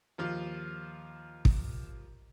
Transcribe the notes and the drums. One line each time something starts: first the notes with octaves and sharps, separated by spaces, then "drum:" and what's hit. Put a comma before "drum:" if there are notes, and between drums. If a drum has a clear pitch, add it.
D#2 F3 F4
drum: kick